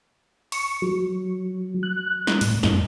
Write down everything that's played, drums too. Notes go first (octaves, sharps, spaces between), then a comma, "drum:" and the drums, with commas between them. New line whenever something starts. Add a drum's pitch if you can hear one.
C#6, drum: open hi-hat
F#3
F#6
drum: snare
A2, drum: open hi-hat
F#2, drum: snare